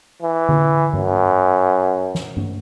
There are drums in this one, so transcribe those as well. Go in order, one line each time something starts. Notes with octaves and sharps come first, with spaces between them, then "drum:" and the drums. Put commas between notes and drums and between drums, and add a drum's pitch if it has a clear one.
E3
drum: tom D3
F#2, drum: tom G2
drum: snare
drum: tom G2